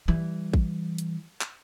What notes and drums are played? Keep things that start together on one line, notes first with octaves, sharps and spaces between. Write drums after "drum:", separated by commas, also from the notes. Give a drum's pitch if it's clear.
E3 G3
drum: kick
drum: hi-hat
drum: clap